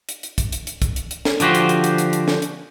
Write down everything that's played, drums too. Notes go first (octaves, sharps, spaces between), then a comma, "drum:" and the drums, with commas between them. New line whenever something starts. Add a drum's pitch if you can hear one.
drum: hi-hat
drum: hi-hat
drum: kick, hi-hat
drum: hi-hat
drum: hi-hat
drum: kick, hi-hat
drum: hi-hat
drum: hi-hat
drum: snare
D3 F3 F#4 G4 C5, drum: hi-hat
drum: hi-hat
drum: hi-hat
drum: hi-hat
drum: hi-hat
drum: hi-hat
drum: snare
drum: hi-hat